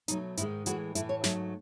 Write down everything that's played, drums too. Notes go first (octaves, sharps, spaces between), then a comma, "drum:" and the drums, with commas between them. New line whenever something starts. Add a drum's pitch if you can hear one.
B2 F#3 A3 D#4, drum: hi-hat
G#2 D#3 G#3 E4, drum: hi-hat
A2 E3 G#3 F#4, drum: hi-hat
A2 E3 A3 E4, drum: hi-hat
C#5
G#2 F#3 A3 E5, drum: snare